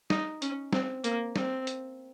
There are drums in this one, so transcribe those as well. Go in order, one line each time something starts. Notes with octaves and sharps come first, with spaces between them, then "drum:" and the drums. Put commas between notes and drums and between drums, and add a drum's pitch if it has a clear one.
D#4, drum: snare
C#4, drum: hi-hat
C4, drum: snare
A#3, drum: hi-hat
C4, drum: snare
drum: hi-hat